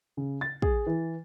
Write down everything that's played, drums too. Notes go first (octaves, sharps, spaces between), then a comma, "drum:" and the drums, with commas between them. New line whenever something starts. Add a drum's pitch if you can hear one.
C#3
A6
G#4, drum: kick
E3